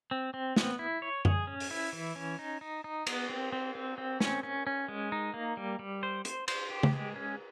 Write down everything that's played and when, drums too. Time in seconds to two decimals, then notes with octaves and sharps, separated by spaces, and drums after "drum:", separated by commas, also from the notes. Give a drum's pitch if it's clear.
0.11 C4
0.34 C4
0.56 B3, drum: snare
0.79 E4
1.02 C#5
1.25 G#4, drum: tom F#2
1.47 C#4
1.60 drum: open hi-hat
1.71 E4
1.93 E3
2.16 C#4
2.39 D#4
2.61 D#4
2.84 D#4
3.07 B3, drum: cymbal
3.29 C4
3.52 C4
3.75 C4
3.98 C4
4.20 C#4, drum: snare
4.43 C#4
4.67 C#4
4.88 G#3
5.12 D#4
5.34 A#3
5.57 G3
5.79 G3
6.03 C5
6.25 C5, drum: hi-hat
6.48 C5, drum: cymbal
6.70 G4
6.83 drum: tom C#3
6.93 G#3
7.16 C#4